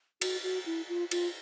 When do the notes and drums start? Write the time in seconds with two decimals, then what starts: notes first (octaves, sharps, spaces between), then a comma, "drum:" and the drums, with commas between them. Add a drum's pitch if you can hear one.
0.21 F#4, drum: cymbal
0.43 F#4
0.66 E4
0.89 F4
1.11 F4, drum: cymbal